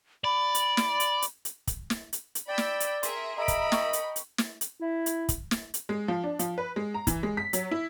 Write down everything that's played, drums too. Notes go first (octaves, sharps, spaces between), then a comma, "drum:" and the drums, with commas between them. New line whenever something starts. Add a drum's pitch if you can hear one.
D5 B5
drum: hi-hat
drum: snare
drum: hi-hat
drum: hi-hat
drum: hi-hat
drum: kick, hi-hat
drum: snare
drum: hi-hat
drum: hi-hat
D5 G5 B5 E6
drum: snare
drum: hi-hat
G#4 A#4 E5 C6, drum: hi-hat
A#4 D#5 E5 A#5 B5 D7
drum: kick, hi-hat
G5 C#6, drum: snare
drum: hi-hat
drum: hi-hat
drum: snare
drum: hi-hat
E4
drum: hi-hat
drum: kick, hi-hat
drum: snare
drum: hi-hat
G#3
F3
D4
F3, drum: hi-hat
B4
G#3
A#5
E3, drum: kick, hi-hat
G#3
B6
F#3, drum: hi-hat
E4